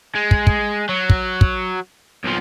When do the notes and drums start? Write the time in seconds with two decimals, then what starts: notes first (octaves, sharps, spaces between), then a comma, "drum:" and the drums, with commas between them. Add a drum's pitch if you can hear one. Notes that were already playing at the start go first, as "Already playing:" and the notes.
0.15 G#3
0.31 drum: kick
0.47 drum: kick
0.89 F#3
1.10 drum: kick
1.41 drum: kick
2.24 B1 F3